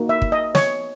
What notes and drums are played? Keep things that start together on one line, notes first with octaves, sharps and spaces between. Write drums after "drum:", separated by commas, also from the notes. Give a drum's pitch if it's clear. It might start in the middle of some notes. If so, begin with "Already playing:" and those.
Already playing: A#3 D#4 F#4
E5
drum: kick
D#5
C#5, drum: snare